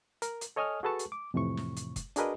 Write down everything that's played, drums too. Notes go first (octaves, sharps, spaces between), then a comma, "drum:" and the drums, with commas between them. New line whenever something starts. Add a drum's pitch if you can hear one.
A#4, drum: hi-hat
drum: hi-hat
A4 C#5 D#5 G#5 D#6 F6
F#4 G#4 A4 B4 A5 C#6
drum: hi-hat
D6
F2 A2 C3 E3 C#6
drum: snare
drum: hi-hat
drum: kick F#1, hi-hat
D4 F#4 G#4 A#4 B4 D#5, drum: hi-hat